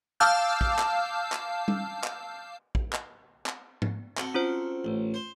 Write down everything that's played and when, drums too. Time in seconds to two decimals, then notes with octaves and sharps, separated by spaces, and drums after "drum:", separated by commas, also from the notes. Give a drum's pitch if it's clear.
0.20 F5 A5 D6 E6 F6 G6
0.61 drum: kick
0.79 drum: clap
1.32 drum: clap
1.68 drum: tom G3
2.04 drum: clap
2.75 drum: kick
2.93 drum: clap
3.46 drum: clap
3.82 drum: tom G#2
4.18 C4 F#4 A4, drum: clap
4.34 C#4 F4 C5
4.85 A1
5.14 C5